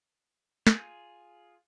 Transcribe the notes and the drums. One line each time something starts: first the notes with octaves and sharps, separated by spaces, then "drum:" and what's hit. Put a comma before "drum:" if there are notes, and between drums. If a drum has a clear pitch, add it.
F4 G#4, drum: snare